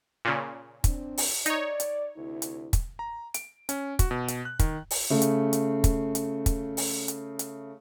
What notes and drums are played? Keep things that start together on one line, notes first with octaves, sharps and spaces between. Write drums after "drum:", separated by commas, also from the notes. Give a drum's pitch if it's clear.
A#2 C#3
C4 D4, drum: kick, hi-hat
drum: open hi-hat
D#4 C#5 D5, drum: hi-hat
drum: hi-hat
D2 C3 E4
drum: hi-hat
drum: kick, hi-hat
A#5
D7, drum: hi-hat
C#4, drum: hi-hat
F#4, drum: kick, hi-hat
B2
drum: hi-hat
F#6
D#3, drum: kick, hi-hat
drum: open hi-hat
C#3 A3
drum: hi-hat
drum: hi-hat
drum: kick, hi-hat
drum: hi-hat
drum: kick, hi-hat
drum: open hi-hat
drum: hi-hat
drum: hi-hat